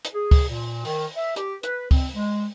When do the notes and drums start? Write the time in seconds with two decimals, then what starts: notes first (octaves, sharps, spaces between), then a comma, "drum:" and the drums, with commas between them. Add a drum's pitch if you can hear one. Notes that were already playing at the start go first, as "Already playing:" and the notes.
0.05 drum: hi-hat
0.14 G#4
0.31 drum: kick C#2, open hi-hat
0.48 A#2
0.85 D#3, drum: open hi-hat
1.16 E5
1.36 G4, drum: hi-hat
1.63 B4, drum: hi-hat
1.91 C4, drum: kick C#2, open hi-hat
2.14 G#3